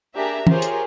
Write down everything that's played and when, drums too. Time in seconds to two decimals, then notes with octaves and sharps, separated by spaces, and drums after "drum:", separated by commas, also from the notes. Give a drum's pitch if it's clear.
0.15 A#3 D4 G4 G#4 E5 A#5
0.47 F4 G4 G#4 A#4 C5 C#5, drum: tom
0.62 drum: hi-hat